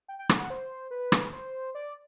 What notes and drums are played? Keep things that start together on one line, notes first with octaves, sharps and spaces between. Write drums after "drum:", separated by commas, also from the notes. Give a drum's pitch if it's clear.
G5
G5
F#5, drum: rim click
F#5
C5
B4
drum: rim click
C5
D5